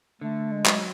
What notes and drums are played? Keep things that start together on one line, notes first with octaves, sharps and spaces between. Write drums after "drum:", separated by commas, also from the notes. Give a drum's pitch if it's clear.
D3 A3
G#3
F#3, drum: clap